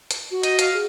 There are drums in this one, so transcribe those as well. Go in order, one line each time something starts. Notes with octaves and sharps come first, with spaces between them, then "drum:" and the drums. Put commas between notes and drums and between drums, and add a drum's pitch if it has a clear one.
drum: hi-hat
F#4
D#5, drum: hi-hat
F5, drum: hi-hat
G#4